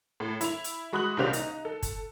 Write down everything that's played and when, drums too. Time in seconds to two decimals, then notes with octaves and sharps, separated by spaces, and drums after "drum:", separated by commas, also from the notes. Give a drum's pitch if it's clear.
0.20 A2
0.41 E4 F7, drum: hi-hat
0.64 drum: hi-hat
0.93 G#3 F#4 B5 D#6 F#6 F#7
1.17 C2 A#2 C#3 G4 C5 F7
1.33 D#4, drum: hi-hat
1.65 A4
1.83 drum: kick, hi-hat